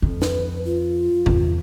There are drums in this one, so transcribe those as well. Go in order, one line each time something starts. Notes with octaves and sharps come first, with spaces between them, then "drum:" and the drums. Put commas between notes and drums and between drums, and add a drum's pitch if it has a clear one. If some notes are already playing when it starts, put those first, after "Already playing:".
F2
B4, drum: snare
F4
E2 C3, drum: tom G2